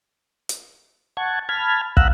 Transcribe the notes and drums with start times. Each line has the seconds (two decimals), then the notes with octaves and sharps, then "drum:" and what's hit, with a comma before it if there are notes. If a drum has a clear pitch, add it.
0.49 drum: hi-hat
1.17 F#5 A5 C#6 G#6
1.49 A5 B5 F6 G#6
1.97 F5 F#5 A#5 B5 E6 F#6, drum: kick